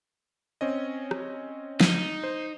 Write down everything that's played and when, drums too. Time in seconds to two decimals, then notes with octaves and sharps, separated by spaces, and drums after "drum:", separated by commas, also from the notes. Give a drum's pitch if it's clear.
0.61 C4 C#4 D#5
1.11 drum: rim click
1.80 D#4, drum: snare
2.23 C5